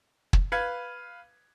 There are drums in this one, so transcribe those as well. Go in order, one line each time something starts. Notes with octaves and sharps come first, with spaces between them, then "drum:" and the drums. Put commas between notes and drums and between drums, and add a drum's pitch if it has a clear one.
drum: kick
B4 F5 G#6